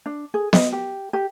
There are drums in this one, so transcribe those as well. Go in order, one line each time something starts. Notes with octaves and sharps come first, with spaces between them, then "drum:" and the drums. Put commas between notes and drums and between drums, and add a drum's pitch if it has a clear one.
D4
G#4
D#5, drum: snare B3
G4
G4